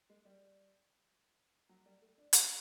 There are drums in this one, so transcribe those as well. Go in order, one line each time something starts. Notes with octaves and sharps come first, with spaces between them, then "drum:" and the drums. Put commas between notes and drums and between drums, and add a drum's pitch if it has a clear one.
G#3
G3
F#3
G3
A3
D4
D#4, drum: hi-hat